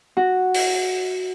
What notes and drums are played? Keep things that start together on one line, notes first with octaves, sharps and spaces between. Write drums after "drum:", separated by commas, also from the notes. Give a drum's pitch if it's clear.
F#4
drum: open hi-hat